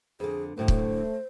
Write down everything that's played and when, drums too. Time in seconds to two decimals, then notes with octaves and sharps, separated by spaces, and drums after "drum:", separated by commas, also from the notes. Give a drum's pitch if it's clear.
0.20 F2 D3 G#4
0.58 F#2 A2 D3 A3 C5
0.68 drum: kick